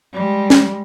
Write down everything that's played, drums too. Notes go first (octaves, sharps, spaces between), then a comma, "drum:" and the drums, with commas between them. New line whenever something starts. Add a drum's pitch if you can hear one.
G3 G#3
drum: snare